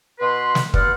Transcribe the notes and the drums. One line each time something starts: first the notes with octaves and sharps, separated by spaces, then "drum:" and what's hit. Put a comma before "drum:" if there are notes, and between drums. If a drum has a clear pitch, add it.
B2 B4 C6
drum: snare
G2 B3 D5 F#5 C6 F6, drum: kick